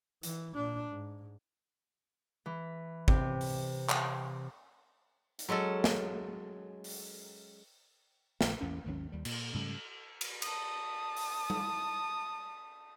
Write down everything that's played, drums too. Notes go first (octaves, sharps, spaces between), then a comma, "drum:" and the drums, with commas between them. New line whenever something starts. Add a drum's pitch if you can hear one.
E3, drum: hi-hat
A#2 D4
G#2
E3
C3, drum: kick
drum: open hi-hat
drum: clap
drum: hi-hat
F#3 G#3 C#4 A4
drum: snare
drum: open hi-hat
A#1 A#2 D3, drum: snare
A1 E2 C#4
G#1 D#2 F#3 C#4
D#2 G3
A#2, drum: cymbal
G#2 C#3 G3 A3
drum: cymbal
A5 D#6, drum: cymbal
drum: open hi-hat
drum: tom G3